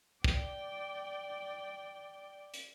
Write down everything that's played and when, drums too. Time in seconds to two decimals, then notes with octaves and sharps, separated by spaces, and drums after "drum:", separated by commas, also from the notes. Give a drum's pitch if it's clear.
0.24 D5 G5, drum: kick
2.54 drum: hi-hat